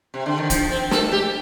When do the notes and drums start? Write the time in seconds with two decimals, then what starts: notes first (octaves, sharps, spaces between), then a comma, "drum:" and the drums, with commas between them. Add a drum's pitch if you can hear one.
0.14 C3
0.26 D3
0.38 D#3
0.50 F3, drum: kick, hi-hat
0.70 C4
0.91 A4, drum: snare
1.12 G4